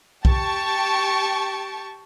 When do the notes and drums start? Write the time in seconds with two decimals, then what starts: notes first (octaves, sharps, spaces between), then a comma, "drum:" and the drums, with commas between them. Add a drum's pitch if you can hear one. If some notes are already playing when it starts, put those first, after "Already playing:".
0.25 G4 A5 C#6, drum: kick B1